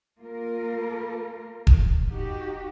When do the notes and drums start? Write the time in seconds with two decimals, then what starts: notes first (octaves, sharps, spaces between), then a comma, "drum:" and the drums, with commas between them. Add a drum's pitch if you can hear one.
0.18 A#3 F4 A#4
1.67 drum: kick E1
2.10 D#4 F#4 G4